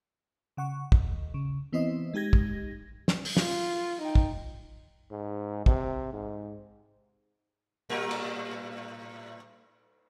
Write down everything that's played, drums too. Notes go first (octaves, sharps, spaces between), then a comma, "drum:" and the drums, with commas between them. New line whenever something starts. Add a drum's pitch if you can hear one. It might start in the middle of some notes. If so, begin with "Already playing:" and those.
C#3 F#5 C#6
A1 D#2, drum: kick
C#3
E3 B3 C4 E4 C5 D#5
G#3 D#4 G4 G#6 A#6
drum: kick
drum: snare
drum: open hi-hat
F4, drum: snare
D#4 G5
drum: kick
G#2
C3, drum: kick
G#2
A2 G3 A#4
drum: cymbal